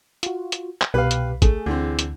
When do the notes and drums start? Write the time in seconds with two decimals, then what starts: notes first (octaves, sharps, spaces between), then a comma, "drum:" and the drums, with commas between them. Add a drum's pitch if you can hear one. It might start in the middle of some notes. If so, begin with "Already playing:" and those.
0.23 F4 F#4, drum: hi-hat
0.52 drum: hi-hat
0.82 drum: clap
0.94 C2 B2 G4 B4 F5
1.11 drum: hi-hat
1.42 A3 G#4, drum: kick, hi-hat
1.66 D2 D3 E3 C4
1.99 drum: hi-hat